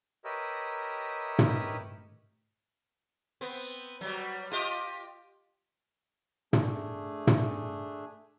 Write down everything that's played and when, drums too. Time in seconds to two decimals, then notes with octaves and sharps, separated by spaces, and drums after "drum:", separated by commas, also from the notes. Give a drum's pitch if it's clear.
0.25 G4 A#4 B4 C#5 D#5 E5
1.39 drum: tom
3.41 B3 C4
4.01 F#3 G3
4.52 F4 G4 D#5
6.53 A3 D4 G#4, drum: tom
7.27 drum: tom